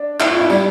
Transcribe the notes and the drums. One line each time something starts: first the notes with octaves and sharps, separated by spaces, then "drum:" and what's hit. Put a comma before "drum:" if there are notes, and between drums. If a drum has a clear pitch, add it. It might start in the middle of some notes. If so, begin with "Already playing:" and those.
Already playing: D4
E4, drum: clap
F4
E4
G3, drum: tambourine